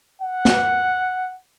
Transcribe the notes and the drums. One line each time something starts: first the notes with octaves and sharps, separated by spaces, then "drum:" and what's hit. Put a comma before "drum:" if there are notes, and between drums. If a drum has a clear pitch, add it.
F#5
drum: snare